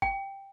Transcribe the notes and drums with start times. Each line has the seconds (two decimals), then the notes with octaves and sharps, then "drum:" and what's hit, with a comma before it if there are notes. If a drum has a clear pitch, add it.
0.02 G5, drum: kick G1